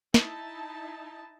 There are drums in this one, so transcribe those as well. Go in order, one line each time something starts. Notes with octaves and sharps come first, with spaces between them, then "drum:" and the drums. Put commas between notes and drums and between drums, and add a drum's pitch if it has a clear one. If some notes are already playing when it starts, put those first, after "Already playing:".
D#4 E4 A5, drum: snare